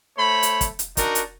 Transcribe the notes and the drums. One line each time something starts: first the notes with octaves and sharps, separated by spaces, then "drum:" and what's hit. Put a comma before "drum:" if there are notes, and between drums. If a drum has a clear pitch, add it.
A3 C5 C#5 B5
drum: hi-hat
drum: kick, hi-hat
drum: hi-hat
D4 D#4 F#4 A#4, drum: kick, hi-hat
drum: hi-hat